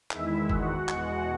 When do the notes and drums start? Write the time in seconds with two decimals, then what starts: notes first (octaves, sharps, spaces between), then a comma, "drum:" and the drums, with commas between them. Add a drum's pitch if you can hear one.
0.11 E2 D#3 G#3 E4 E5, drum: clap
0.50 F#4 F#5, drum: kick F#1
0.89 E2 B2 G#3, drum: clap